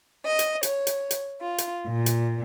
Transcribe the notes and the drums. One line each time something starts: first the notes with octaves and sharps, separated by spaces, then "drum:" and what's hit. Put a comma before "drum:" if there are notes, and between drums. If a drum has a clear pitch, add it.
D#5
drum: hi-hat
C#5, drum: hi-hat
drum: hi-hat
drum: hi-hat
F4
drum: hi-hat
A#2
drum: hi-hat